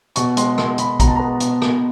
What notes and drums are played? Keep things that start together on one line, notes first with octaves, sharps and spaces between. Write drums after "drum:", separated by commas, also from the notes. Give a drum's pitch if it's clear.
B2 C#6, drum: hi-hat
G#3 C6, drum: hi-hat
B2 C6, drum: rim click
B2 B5, drum: hi-hat
B2 A#5, drum: kick, hi-hat
A5
B3 A#5
B2, drum: hi-hat
B2, drum: rim click